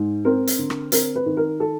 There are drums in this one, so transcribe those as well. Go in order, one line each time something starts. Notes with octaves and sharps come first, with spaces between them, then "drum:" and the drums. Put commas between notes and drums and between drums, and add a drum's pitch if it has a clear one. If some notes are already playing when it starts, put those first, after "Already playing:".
Already playing: G#2
C4 A#4
drum: hi-hat
D3
drum: rim click
C4 A#4, drum: hi-hat
B4
D#3
A#4
A4